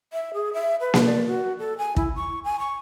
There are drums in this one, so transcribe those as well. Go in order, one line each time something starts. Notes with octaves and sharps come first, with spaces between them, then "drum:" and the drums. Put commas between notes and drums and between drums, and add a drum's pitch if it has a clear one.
E5
G#4
E5
B4
drum: snare A#3
D5
F#4
A4
G#5
E4, drum: kick
C#6
G#5
C#6